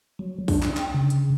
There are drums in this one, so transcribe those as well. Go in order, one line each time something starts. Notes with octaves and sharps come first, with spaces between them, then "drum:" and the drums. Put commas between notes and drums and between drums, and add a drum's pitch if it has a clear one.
F#3
D4, drum: kick A#1, open hi-hat
drum: clap
G5, drum: clap
C#3
drum: hi-hat